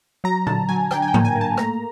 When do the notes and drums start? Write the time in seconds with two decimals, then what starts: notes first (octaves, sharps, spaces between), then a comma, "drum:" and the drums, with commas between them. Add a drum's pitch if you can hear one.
0.24 F#3 A#5
0.47 D3 A5, drum: tom A#2
0.69 F#3 G#5
0.91 D4 G5, drum: rim click
1.02 G#5
1.08 G5
1.14 A#3, drum: tom G#2
1.25 G#5
1.35 A#3
1.41 A5
1.57 A3 A#5, drum: rim click